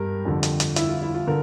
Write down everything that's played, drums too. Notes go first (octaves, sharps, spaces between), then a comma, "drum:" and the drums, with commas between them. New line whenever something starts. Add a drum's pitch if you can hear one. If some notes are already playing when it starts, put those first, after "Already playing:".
Already playing: G2 G4 A#4
F2 D3
drum: hi-hat
drum: hi-hat
E4, drum: hi-hat
F4
E4
F4
D3 A#4